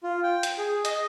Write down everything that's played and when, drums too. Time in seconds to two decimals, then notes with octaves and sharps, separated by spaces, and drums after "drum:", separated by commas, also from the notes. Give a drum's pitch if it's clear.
0.03 F4
0.23 G5
0.43 drum: hi-hat
0.58 G#4
0.85 D#5, drum: hi-hat